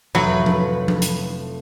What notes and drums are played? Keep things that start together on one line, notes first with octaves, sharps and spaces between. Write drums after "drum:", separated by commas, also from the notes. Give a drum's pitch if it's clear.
F1 A2 F#3 B4 B5
drum: tom F3
drum: tom F3
drum: hi-hat